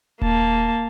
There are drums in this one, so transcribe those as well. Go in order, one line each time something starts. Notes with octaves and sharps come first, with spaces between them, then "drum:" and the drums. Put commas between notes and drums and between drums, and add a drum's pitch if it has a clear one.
A#3 A5, drum: kick D#1